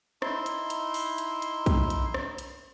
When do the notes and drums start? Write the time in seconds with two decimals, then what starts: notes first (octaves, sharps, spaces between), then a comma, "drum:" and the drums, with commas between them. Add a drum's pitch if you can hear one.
0.22 D#4 E4 C6, drum: rim click
0.46 drum: hi-hat
0.70 drum: hi-hat
0.94 drum: open hi-hat
1.18 drum: hi-hat
1.42 drum: hi-hat
1.66 drum: kick, hi-hat
1.90 drum: hi-hat
2.14 drum: rim click
2.38 drum: hi-hat